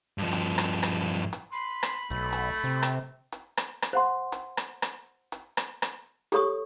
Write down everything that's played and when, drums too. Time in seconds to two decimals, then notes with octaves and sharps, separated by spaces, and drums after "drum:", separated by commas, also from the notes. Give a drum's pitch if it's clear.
0.18 G2 F3
0.33 drum: hi-hat
0.58 drum: rim click
0.83 drum: rim click
1.33 drum: hi-hat
1.52 B5 C6
1.83 drum: rim click
2.10 B1 A3
2.33 drum: hi-hat
2.64 C3
2.82 drum: rim click
3.32 drum: hi-hat
3.57 drum: rim click
3.82 drum: rim click
3.93 C5 F#5 C6
4.32 drum: hi-hat
4.57 drum: rim click
4.82 drum: rim click
5.32 drum: hi-hat
5.57 drum: rim click
5.82 drum: rim click
6.32 G4 A4 C#5 C#6 D#6, drum: hi-hat